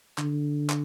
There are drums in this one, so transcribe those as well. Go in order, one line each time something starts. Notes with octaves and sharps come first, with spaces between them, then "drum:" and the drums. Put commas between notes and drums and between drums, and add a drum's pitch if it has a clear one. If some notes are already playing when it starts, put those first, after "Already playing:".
D3, drum: clap
drum: clap